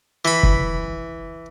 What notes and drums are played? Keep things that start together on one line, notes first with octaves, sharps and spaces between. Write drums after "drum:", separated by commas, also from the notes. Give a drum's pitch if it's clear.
E3 B5
drum: kick